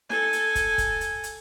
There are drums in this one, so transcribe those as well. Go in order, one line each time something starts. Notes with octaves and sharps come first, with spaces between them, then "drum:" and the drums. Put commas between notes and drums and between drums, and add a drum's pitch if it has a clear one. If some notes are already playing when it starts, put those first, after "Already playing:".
A4 G#5, drum: snare
drum: hi-hat
drum: kick, hi-hat
drum: kick, hi-hat
drum: hi-hat
drum: hi-hat